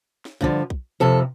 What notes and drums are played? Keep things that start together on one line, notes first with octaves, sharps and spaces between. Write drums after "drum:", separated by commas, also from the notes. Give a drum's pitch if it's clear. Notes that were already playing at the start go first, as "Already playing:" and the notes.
drum: snare
G2 D3 F3, drum: kick
drum: kick
F2 C3 F3 A4